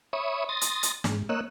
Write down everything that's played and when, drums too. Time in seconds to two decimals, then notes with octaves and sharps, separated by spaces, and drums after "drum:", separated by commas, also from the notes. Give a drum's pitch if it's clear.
0.13 C#5 E5 B5 C#6 D#6
0.49 C6 D#6 A6 A#6
0.61 drum: hi-hat
0.83 drum: hi-hat
1.04 G#2, drum: snare
1.29 A#3 C#5 D#5 E6 F#6